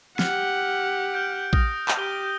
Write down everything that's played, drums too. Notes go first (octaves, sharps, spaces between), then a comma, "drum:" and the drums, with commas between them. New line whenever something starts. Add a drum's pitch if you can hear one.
G4 F#5 F6, drum: snare
F6 G6 D7
D#6 F6 A#6, drum: kick A#1
drum: clap
G4 G6 D#7 G7